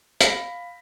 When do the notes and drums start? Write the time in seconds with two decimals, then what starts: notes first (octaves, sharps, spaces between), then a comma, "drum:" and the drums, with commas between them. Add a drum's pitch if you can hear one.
0.21 F5 B5 A#6 B6, drum: hi-hat